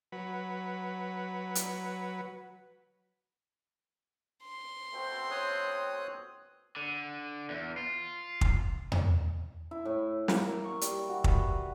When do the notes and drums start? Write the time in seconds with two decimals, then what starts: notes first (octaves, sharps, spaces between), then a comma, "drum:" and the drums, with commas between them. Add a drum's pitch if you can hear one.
0.12 F#3 B4
1.55 drum: hi-hat
4.43 C6
4.93 B2 A3 C4
5.31 C#5 D#6 F#6
6.77 D3
7.50 E2
7.78 F4
8.41 drum: kick
8.92 drum: tom E2
9.71 E4
9.85 A2
10.28 A#3, drum: snare
10.64 C#6
10.81 G3, drum: hi-hat
11.09 F#4
11.24 B4, drum: kick